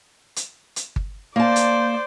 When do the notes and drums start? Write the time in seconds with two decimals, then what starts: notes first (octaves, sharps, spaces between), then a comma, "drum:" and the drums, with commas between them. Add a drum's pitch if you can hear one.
0.36 drum: hi-hat
0.76 drum: hi-hat
0.96 drum: kick G1
1.36 A#3 C5 D5 A5
1.56 drum: hi-hat